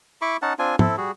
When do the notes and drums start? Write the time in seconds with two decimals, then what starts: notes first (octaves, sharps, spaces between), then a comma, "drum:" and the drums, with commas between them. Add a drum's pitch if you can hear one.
0.22 E4 B5 C#6 D6
0.42 C#4 D#4 F#5 A5
0.59 C4 D4 F4 G#5
0.79 C4 E4 A4, drum: tom
0.97 G3 F#4 G#4